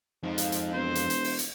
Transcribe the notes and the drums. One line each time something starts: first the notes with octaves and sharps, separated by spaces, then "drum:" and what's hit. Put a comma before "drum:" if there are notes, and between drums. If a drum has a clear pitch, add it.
F2 G#2 F3
drum: hi-hat
drum: hi-hat
E1 C5
drum: hi-hat
drum: hi-hat
drum: open hi-hat
drum: hi-hat